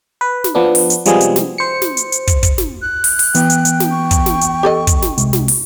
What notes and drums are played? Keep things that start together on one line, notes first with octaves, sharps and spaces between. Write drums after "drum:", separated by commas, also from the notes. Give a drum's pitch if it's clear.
B4
drum: snare
F3 B3 D4
drum: open hi-hat
drum: hi-hat
C3 F3 G3 G#3 B3 G#4, drum: hi-hat
drum: hi-hat
drum: snare
C5 C#7
drum: snare
drum: hi-hat
drum: hi-hat
drum: kick, hi-hat
drum: kick, hi-hat
drum: snare
F#6
drum: open hi-hat
drum: open hi-hat
E3 B3 G5, drum: hi-hat
drum: hi-hat
drum: hi-hat
drum: snare
C#6
drum: kick, hi-hat
drum: snare
drum: hi-hat
G4 A4 D#5
drum: kick, hi-hat
drum: snare
C2 C3 G#3, drum: hi-hat
drum: snare
drum: open hi-hat